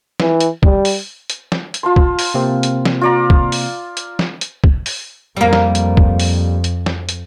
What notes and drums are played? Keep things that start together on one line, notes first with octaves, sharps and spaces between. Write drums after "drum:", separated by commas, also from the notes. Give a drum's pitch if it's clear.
E3, drum: snare
drum: hi-hat
G3, drum: kick
drum: open hi-hat
drum: hi-hat
drum: snare
drum: hi-hat
F4 A5 C6
drum: kick
drum: open hi-hat
C3 A#3 C4
drum: hi-hat
drum: snare
F4 D5 A#5
drum: kick
drum: open hi-hat
drum: hi-hat
drum: snare
drum: hi-hat
drum: kick
drum: open hi-hat
F2 G3 A#3
drum: snare
drum: hi-hat
drum: kick
drum: open hi-hat
drum: hi-hat
drum: snare
drum: hi-hat